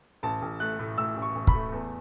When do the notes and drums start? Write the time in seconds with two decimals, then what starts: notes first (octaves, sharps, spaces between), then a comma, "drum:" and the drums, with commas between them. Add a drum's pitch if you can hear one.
0.23 A1 A5
0.42 A1
0.60 A3 F#6
0.79 A2
0.97 A2 E6
1.16 A1
1.22 C#6
1.35 A1
1.47 B5, drum: kick
1.54 A3
1.72 E2